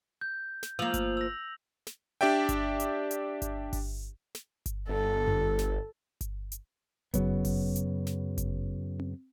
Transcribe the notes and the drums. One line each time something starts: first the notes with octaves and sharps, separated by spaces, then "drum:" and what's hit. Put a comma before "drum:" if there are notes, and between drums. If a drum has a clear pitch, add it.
G6
drum: snare
F3 A#3 E6 F7 F#7
drum: kick G1, hi-hat
E6 A#6
drum: snare
D4 G4 D5 E5 G5
drum: kick G1, hi-hat
drum: hi-hat
drum: hi-hat
drum: kick G1, hi-hat
drum: kick G1, open hi-hat
drum: snare
drum: kick G1, hi-hat
G1 A4
drum: tom F#2
drum: snare
drum: kick G1, hi-hat
drum: hi-hat
F#2 C#3 F#3 B3, drum: kick G1, hi-hat
drum: kick G1, open hi-hat
drum: hi-hat
drum: snare
drum: kick G1, hi-hat
drum: tom C4